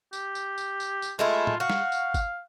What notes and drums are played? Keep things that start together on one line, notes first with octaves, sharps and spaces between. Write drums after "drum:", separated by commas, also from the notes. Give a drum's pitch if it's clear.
G4, drum: tambourine
drum: tambourine
drum: tambourine
drum: tambourine
drum: tambourine
G#3 A3 E4 F4
drum: tom
F#4 F5
drum: snare
drum: tambourine
drum: kick G1, tambourine